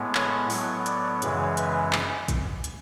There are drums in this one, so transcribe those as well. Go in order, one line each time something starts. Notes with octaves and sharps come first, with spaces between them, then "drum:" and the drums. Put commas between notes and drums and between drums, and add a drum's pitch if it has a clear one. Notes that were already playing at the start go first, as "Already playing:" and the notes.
Already playing: A2 G#3 B3
C#5, drum: clap
A2 F#3 B3, drum: open hi-hat
D5, drum: hi-hat
F#2 C#3 E3 G#3, drum: hi-hat
B4, drum: hi-hat
drum: clap
drum: kick, hi-hat
drum: hi-hat